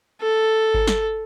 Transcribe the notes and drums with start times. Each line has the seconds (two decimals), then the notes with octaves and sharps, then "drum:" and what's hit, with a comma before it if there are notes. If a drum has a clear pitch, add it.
0.21 A4
0.74 drum: kick G1
0.88 drum: snare